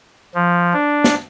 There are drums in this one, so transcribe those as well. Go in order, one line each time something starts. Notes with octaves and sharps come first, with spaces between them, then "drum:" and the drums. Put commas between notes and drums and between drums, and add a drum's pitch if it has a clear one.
F3
D4
drum: snare